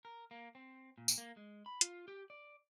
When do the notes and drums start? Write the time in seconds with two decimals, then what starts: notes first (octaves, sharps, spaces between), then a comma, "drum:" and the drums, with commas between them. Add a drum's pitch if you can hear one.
0.05 A#4
0.31 A#3
0.55 C4
0.98 A#2
1.08 drum: tambourine
1.18 A#3
1.37 G#3
1.66 B5
1.81 F4, drum: hi-hat
2.08 G4
2.30 D5